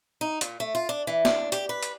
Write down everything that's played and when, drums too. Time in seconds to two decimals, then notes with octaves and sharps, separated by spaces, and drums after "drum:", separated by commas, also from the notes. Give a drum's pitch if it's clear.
0.21 D#4
0.41 A#2, drum: hi-hat
0.60 A3
0.75 F4
0.89 D4
1.07 E3
1.25 D4, drum: snare
1.52 G4, drum: hi-hat
1.69 B4
1.83 drum: hi-hat